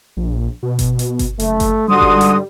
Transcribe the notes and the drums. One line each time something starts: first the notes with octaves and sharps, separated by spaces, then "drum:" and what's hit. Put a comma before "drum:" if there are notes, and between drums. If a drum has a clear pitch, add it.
A#1
B2
drum: kick G1, hi-hat
drum: hi-hat
drum: kick G1, hi-hat
F#1 A3, drum: hi-hat
drum: kick G1, hi-hat
G#2 D3 G3 F#4 C6 D#6
drum: kick G1
drum: hi-hat